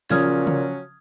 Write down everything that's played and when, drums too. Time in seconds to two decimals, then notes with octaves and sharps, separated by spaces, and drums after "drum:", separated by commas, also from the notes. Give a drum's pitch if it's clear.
0.10 A#2 C#3 F3 F#3 C#4 D#6 F6 G#6, drum: snare
0.47 drum: tom